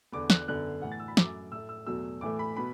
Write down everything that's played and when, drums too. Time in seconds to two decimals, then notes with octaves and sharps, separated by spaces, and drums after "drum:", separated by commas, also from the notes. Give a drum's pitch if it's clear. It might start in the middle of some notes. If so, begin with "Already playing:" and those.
0.12 E2 D3 B3 D6
0.30 F#6, drum: snare
0.48 F#2 D3 F#3 B3 F#6
0.82 A2 E3 A3 F#5
0.92 A6
1.00 E6
1.08 B5
1.17 F#2 F#3 A3 D6, drum: snare
1.52 A2 A3 E6
1.69 E6
1.86 E2 B2 F#3 A3 E6
2.21 A2 E3 A3 D6
2.39 B5
2.57 B2 B3 B5